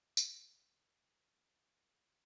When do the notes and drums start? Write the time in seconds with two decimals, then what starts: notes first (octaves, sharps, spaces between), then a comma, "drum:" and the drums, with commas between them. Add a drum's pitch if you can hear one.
0.17 C2 C3 D#3, drum: tambourine